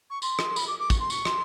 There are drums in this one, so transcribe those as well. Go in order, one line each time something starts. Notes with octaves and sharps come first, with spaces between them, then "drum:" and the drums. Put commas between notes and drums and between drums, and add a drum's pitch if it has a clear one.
C#6
C6, drum: tambourine
drum: rim click
B5, drum: tambourine
D6
D6
C#6, drum: kick, tambourine
C6
C#6, drum: tambourine
C6, drum: rim click